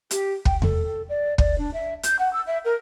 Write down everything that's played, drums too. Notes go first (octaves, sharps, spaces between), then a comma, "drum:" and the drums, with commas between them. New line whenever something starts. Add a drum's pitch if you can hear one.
G4, drum: hi-hat
G5, drum: kick
A4, drum: tom E2
D5
D5, drum: kick
D4
E5
G6, drum: hi-hat
F#5
E6
E5
A#4